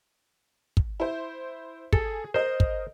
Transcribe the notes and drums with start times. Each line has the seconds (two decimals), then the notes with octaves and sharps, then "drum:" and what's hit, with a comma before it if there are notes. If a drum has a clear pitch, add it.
0.77 drum: kick
1.00 E4 C5
1.93 G#4 A4, drum: kick
2.34 A#4 C5 D#5
2.60 drum: kick